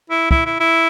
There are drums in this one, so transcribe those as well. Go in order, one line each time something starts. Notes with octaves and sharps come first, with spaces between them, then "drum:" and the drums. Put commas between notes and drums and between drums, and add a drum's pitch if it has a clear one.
E4
E4, drum: kick
E4
E4